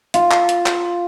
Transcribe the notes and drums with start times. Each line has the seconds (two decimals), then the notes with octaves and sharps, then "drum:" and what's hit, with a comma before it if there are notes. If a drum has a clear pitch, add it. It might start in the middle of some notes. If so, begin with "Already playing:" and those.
0.14 F4, drum: hi-hat
0.31 drum: clap
0.49 drum: hi-hat
0.66 drum: clap